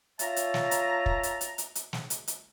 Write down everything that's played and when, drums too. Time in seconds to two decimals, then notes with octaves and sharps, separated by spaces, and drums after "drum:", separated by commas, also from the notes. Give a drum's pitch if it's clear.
0.19 F4 C#5 E5 A5 A#5, drum: hi-hat
0.36 drum: hi-hat
0.54 drum: snare
0.71 drum: hi-hat
1.06 drum: kick
1.23 drum: hi-hat
1.41 drum: hi-hat
1.58 drum: hi-hat
1.75 drum: hi-hat
1.93 drum: snare
2.10 drum: hi-hat
2.28 drum: hi-hat